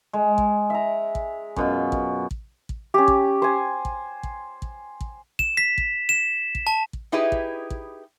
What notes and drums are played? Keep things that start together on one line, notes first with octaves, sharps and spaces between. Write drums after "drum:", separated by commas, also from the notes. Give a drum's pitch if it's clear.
G#3
drum: kick
E5 A#5
drum: kick
F#2 B2 F4, drum: kick
drum: kick
drum: kick
drum: kick
C#4 G4
drum: kick
C5 G#5
drum: kick
drum: kick
drum: kick
drum: kick
E7, drum: kick
B6
drum: kick
E7
drum: kick
A5
drum: kick
D#4 E4 G4 G#4 B4
drum: kick
drum: kick